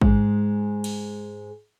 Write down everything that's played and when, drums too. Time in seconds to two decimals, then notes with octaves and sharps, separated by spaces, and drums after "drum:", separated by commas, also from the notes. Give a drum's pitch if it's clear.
0.01 G#2 G#3, drum: kick A1
0.84 drum: cymbal